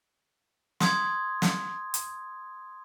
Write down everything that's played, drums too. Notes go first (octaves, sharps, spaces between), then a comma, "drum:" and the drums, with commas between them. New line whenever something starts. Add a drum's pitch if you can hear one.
C6 D#6 G#6, drum: snare
drum: snare
drum: hi-hat